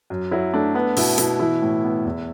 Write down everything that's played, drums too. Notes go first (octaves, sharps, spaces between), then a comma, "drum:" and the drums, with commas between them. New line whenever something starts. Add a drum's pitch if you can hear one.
F#2
F#3 E4
A3 D4
B3 D4
B2 E4, drum: open hi-hat
B2 E4, drum: hi-hat
E3 E4
A2
B3
E2